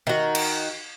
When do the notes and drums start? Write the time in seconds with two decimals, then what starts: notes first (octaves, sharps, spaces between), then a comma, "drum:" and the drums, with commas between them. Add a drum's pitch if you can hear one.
0.07 D#3 F#4
0.35 drum: cymbal